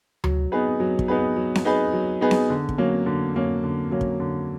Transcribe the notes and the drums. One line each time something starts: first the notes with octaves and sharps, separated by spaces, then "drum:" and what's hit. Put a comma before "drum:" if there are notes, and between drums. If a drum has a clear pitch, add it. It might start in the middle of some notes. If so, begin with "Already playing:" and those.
F#3, drum: tom D2
B3 D#4 G#4 B4
F#3
drum: kick
B3 D#4 G#4 B4
F#3
drum: snare C4
B3 D#4 G#4 B4
F#3
B3 D#4 G#4 B4
drum: snare C4
D3
drum: kick
F#3 A#3 C#4
D3
F#3 A#3 C#4
D3
F#3 A#3 C#4
drum: kick
D3